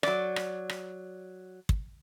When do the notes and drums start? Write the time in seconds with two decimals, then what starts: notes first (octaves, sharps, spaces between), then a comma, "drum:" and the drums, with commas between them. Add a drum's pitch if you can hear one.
0.03 F#3 D5, drum: rim click
0.36 drum: rim click
0.69 drum: rim click
1.69 drum: kick